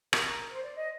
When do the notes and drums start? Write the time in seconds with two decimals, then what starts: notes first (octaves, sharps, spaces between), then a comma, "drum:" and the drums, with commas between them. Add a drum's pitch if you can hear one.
0.13 A#4, drum: rim click
0.25 A#4
0.50 C5
0.62 D5
0.75 D#5